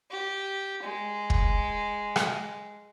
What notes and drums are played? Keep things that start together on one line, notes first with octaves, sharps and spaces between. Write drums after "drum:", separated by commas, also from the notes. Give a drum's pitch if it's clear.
G4
G#3
drum: kick
drum: rim click